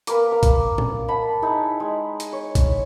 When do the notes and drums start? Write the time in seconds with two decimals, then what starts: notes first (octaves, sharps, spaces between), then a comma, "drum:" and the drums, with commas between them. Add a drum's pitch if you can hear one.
0.07 A#3 A#4 B4 D6, drum: hi-hat
0.31 F5 A#5
0.43 drum: kick A#1, hi-hat
0.78 drum: tom A2
1.08 D#5 F#5 A5 B5
1.42 D#4 E4 G#4
1.80 G#3
2.20 drum: hi-hat
2.33 C#5
2.55 drum: kick A#1, hi-hat